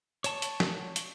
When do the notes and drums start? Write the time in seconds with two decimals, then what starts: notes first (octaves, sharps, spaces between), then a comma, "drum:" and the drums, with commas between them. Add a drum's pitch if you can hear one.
0.24 C#5 A5 C#6, drum: hi-hat
0.42 drum: hi-hat
0.60 drum: snare
0.96 drum: hi-hat